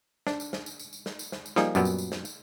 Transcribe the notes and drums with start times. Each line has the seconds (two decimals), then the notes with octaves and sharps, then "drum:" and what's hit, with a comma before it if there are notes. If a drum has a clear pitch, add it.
0.27 D4, drum: snare
0.40 drum: tambourine
0.53 drum: snare
0.66 drum: tambourine
0.79 drum: tambourine
0.93 drum: tambourine
1.06 drum: snare
1.19 drum: tambourine
1.32 drum: snare
1.46 drum: tambourine
1.56 F3 G3 A#3 D#4 G#4, drum: snare
1.75 F#2 A#2 F#3 G3 B3, drum: tambourine
1.85 drum: tambourine
1.98 drum: tambourine
2.12 drum: snare
2.25 drum: tambourine